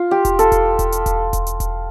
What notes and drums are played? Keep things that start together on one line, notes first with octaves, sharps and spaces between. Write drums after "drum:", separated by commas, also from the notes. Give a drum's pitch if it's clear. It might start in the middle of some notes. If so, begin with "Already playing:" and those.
Already playing: F4
G4
drum: kick E1, hi-hat
A4, drum: hi-hat
drum: kick E1, hi-hat
drum: kick E1, hi-hat
drum: hi-hat
drum: kick E1, hi-hat
drum: kick E1, hi-hat
drum: hi-hat
drum: kick E1, hi-hat